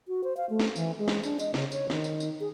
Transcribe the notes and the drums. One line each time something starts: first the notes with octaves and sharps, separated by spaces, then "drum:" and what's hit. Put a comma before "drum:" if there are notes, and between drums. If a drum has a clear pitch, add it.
F#4
C5
F5
A3
drum: snare
E3, drum: tambourine
G#3
drum: snare
D4, drum: tambourine
D#5, drum: tambourine
C#3, drum: snare
C#5, drum: tambourine
D#3, drum: snare
drum: tambourine
drum: tambourine
G#4